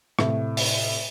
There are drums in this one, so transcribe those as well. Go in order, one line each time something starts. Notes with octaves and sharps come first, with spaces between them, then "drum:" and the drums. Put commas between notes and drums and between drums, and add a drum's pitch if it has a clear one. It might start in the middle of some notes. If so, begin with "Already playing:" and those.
A2 C3, drum: rim click
drum: open hi-hat